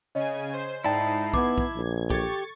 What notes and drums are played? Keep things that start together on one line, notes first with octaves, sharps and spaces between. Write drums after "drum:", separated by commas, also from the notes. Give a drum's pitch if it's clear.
C#3 C#5 D#5 G#5
C5
G#2 D#4 E4 D5 G5 A5 C7
B3 D6 G#6, drum: kick
drum: kick
A#1
G4 A4 C#6 G#6 A6, drum: kick